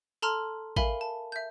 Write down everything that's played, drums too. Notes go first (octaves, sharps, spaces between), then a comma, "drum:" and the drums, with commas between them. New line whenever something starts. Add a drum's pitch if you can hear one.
A4 A5 A#5 C6 F6
A#4 E5 F5 G#5 B5, drum: kick A1
A5
E5 G6